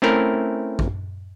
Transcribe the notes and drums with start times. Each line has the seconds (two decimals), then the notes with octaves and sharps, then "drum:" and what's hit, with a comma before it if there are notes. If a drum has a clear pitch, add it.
0.02 A3 C4 C#4 E4 A#4
0.79 drum: kick